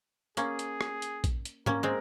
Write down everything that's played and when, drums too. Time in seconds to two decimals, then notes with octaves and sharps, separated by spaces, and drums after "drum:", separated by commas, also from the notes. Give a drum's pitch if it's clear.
0.37 A#3 C#4 G#4, drum: hi-hat
0.59 drum: hi-hat
0.81 drum: rim click
1.02 drum: hi-hat
1.24 drum: kick, hi-hat
1.45 drum: hi-hat
1.66 A#3 C#4 A#4, drum: tom
1.83 G#3 C4